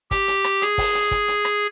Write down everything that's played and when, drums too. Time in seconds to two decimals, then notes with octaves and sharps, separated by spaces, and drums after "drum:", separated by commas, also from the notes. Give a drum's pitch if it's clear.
0.11 G4, drum: kick, hi-hat
0.28 drum: hi-hat
0.44 drum: rim click
0.61 G#4, drum: hi-hat
0.78 drum: kick, open hi-hat
0.95 drum: hi-hat
1.11 drum: kick, hi-hat
1.28 drum: hi-hat
1.45 drum: rim click